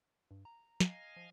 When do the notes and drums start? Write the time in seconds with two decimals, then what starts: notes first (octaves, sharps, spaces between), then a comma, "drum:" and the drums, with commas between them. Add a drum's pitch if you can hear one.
0.31 G2
0.45 A#5
0.80 D#5 F5 G#5, drum: snare
1.16 F3